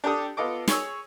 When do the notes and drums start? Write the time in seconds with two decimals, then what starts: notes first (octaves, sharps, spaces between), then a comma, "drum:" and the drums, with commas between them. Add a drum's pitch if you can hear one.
0.04 D4 G4 A4 D#6
0.37 B3 F4 A4 D#5 D6
0.68 G#4 C#5 E6, drum: snare